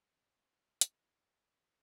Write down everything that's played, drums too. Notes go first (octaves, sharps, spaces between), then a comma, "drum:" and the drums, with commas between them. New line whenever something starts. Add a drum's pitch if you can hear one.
C4
D#4, drum: hi-hat
C4